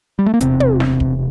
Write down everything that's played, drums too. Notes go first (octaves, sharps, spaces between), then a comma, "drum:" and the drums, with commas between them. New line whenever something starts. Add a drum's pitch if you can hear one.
G3
A3
A#3
E1 E2 C3 C4, drum: hi-hat
drum: tom
drum: snare
drum: kick